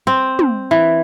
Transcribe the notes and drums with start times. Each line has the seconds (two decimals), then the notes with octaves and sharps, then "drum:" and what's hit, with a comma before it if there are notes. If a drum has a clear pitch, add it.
0.07 C4
0.39 drum: tom
0.71 E3